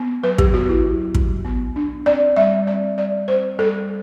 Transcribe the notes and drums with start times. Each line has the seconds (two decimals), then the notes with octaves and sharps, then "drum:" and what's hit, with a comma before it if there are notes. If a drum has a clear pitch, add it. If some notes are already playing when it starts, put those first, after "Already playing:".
Already playing: B3
0.23 F#3 B4
0.38 G4, drum: kick
0.54 B3 F#4
0.69 E4
0.84 F#3
1.15 F#3, drum: kick
1.45 B3
1.76 D4
2.06 C4 D5
2.37 G3 E5
2.67 C4 D5
2.98 G3 D5
3.28 C4 C5
3.58 G3 A4